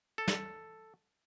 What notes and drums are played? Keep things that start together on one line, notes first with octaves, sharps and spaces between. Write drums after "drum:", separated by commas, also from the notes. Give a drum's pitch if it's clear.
A4
drum: snare